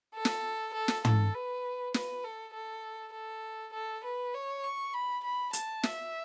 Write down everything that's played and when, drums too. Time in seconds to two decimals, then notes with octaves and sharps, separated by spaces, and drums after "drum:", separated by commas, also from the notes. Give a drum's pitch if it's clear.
0.15 A4
0.25 drum: snare
0.74 A4
0.88 drum: snare
1.05 A4, drum: tom
1.34 B4
1.94 B4, drum: snare
2.24 A4
2.54 A4
3.14 A4
3.73 A4
4.04 B4
4.34 C#5
4.64 C#6
4.94 B5
5.24 B5
5.53 A5, drum: hi-hat
5.83 E5, drum: snare